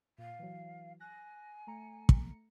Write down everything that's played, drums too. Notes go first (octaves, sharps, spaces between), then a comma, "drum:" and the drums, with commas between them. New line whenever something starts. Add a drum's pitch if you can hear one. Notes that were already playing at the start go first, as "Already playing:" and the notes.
A#2 F5
E3 F#3
G#5 F#6 A#6
A3 A#5 C#7
drum: kick